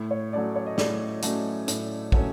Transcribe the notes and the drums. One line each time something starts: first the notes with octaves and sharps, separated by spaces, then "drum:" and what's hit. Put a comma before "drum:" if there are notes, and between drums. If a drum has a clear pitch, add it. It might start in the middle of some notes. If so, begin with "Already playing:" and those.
Already playing: A2
C#5
F#3 A3 C#4 D5
C#5
D#5
A2 D5, drum: snare
F#3 A3 C#4, drum: hi-hat
A2, drum: hi-hat
F#3 A3 C#4, drum: kick